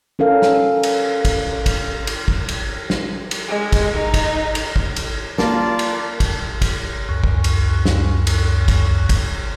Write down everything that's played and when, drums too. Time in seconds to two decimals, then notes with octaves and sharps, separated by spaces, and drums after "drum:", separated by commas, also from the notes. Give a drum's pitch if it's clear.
0.19 C#4 A4 A#4 F5
0.42 drum: snare
0.83 drum: cymbal
1.25 drum: kick, cymbal
1.66 drum: kick, cymbal
2.07 drum: cymbal
2.28 drum: kick
2.49 drum: cymbal
2.90 drum: snare
3.31 drum: cymbal
3.48 G#3
3.72 drum: kick, cymbal
3.93 D#4
4.14 drum: kick, cymbal
4.55 drum: cymbal
4.76 drum: kick
4.96 drum: cymbal
5.38 A#3 F4 D5 A5, drum: snare
5.79 drum: cymbal
6.20 drum: kick, cymbal
6.62 drum: kick, cymbal
7.09 C#2 F#2
7.24 drum: kick
7.44 drum: cymbal
7.85 drum: snare
8.27 drum: cymbal
8.68 drum: kick, cymbal
9.09 drum: kick, cymbal